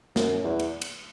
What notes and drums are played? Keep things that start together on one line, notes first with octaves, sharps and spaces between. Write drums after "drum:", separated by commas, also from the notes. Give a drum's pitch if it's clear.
F#2, drum: snare
E2
drum: cymbal
drum: cymbal